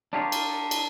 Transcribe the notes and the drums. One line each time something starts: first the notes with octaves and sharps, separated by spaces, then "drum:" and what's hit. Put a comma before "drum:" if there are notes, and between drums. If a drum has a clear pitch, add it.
D4 F4 G4 G#4 A#4 C#5
drum: cymbal
drum: cymbal